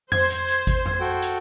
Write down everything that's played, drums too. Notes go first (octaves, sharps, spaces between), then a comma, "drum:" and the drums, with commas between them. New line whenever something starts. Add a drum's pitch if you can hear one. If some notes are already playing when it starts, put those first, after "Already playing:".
C5 G#6, drum: tom F2
drum: hi-hat
drum: hi-hat
drum: kick G#1, hi-hat
drum: tom F2
F#4 A4 G5
drum: hi-hat